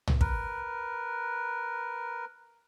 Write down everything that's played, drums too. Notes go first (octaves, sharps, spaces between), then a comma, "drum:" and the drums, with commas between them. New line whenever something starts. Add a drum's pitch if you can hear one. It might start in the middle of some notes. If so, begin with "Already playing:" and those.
drum: tom
A#4 B4, drum: kick